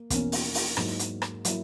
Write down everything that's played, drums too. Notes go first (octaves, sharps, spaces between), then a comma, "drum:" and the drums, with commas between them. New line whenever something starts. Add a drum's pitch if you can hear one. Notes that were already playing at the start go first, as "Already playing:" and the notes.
Already playing: A#3
E2 B2 A#3 C#4, drum: kick, hi-hat
drum: open hi-hat
drum: open hi-hat
G#2 F#3 A#3 E4, drum: rim click
drum: hi-hat
drum: rim click
F#3 A#3 E4, drum: hi-hat